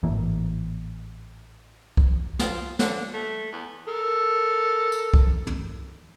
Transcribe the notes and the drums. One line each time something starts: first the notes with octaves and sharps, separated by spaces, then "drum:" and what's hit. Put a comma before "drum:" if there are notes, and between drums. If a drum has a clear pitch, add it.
A1 G#2 E3 A#3
drum: kick C2
F4, drum: snare
D3, drum: snare
A3
E2
A4 A#4
drum: tambourine
drum: kick C2
drum: tom